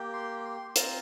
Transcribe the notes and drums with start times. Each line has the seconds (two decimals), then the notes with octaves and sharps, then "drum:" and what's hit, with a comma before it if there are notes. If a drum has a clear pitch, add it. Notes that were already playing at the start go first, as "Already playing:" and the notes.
Already playing: A#3 G4
0.14 C6
0.45 C6
0.76 C4 F4 A#5, drum: hi-hat